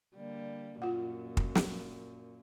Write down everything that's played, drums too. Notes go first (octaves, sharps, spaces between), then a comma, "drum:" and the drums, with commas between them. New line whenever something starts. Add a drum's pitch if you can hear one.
D3 G3 A#3
F#2 A#2 F4 F#5
drum: kick
drum: snare